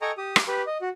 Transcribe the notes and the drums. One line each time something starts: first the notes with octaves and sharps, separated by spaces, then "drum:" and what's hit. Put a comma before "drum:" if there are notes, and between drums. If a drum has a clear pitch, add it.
A4 D#5 G5 G#5 A#5 C#6
G4 D#6
drum: rim click
G4 B4
D#5
F#4